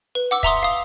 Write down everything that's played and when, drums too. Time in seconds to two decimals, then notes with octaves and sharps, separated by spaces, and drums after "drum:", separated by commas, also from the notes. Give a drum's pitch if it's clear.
0.15 B4
0.31 F#5 D6 E6
0.43 E5 A#5 C6 D#6, drum: kick
0.63 F5 D#6